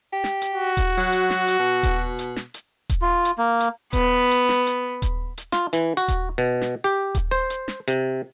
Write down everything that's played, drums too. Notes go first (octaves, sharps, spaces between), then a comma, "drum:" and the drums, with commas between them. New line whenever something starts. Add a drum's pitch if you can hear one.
G4
drum: snare
drum: hi-hat
F#4
drum: kick D#1, hi-hat
F#3
drum: hi-hat
drum: snare
drum: hi-hat
B2
drum: kick D#1, hi-hat
drum: hi-hat
drum: snare
drum: hi-hat
drum: kick D#1, hi-hat
F4
drum: hi-hat
A#3
drum: hi-hat
B3, drum: kick D#1, hi-hat
drum: hi-hat
drum: snare
drum: hi-hat
drum: kick D#1, hi-hat
drum: hi-hat
F4, drum: snare
E3, drum: hi-hat
F#4
drum: kick D#1, hi-hat
B2
drum: snare
G4
drum: kick D#1, hi-hat
C5
drum: hi-hat
drum: snare
C3, drum: hi-hat